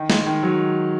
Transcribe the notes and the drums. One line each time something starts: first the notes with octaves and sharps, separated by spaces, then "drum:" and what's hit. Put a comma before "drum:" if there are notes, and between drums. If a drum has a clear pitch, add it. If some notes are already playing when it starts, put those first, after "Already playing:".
Already playing: D#3
G#3, drum: snare
D#3
F#3